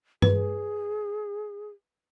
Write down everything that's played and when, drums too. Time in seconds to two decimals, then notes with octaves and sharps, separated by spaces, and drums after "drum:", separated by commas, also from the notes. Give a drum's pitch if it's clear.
0.22 G#4 B4, drum: tom G2